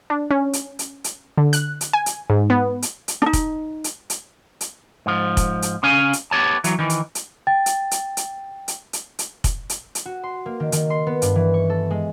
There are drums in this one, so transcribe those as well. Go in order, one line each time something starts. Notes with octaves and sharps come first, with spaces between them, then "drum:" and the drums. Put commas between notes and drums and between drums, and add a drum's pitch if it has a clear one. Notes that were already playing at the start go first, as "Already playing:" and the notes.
D4
C#4
drum: hi-hat
drum: hi-hat
drum: hi-hat
D3
F#6, drum: hi-hat
drum: hi-hat
G#5
drum: hi-hat
G#2
B3
drum: hi-hat
drum: hi-hat
D4 D#4
drum: kick, hi-hat
drum: hi-hat
drum: hi-hat
drum: hi-hat
G#2 F3
drum: kick, hi-hat
drum: hi-hat
C#3 C#4 F5 G#5
drum: hi-hat
B3 G4 C#5 A5
E3 F#3, drum: hi-hat
D#3 E3
drum: hi-hat
drum: hi-hat
G5 A6
drum: hi-hat
drum: hi-hat
drum: hi-hat
drum: hi-hat
drum: hi-hat
drum: hi-hat
drum: kick, hi-hat
drum: hi-hat
drum: hi-hat
F#4
C6
A#3
D#3
D#3, drum: hi-hat
C6
B3
G2, drum: hi-hat
E3
C#6
A4
G#3